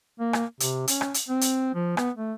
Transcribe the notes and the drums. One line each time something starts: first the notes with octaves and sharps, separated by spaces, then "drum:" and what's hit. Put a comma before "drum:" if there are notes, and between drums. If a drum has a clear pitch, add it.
A#3
drum: rim click
C3, drum: hi-hat
C#4, drum: hi-hat
drum: rim click
drum: hi-hat
C4
drum: hi-hat
F3
B3, drum: rim click
A3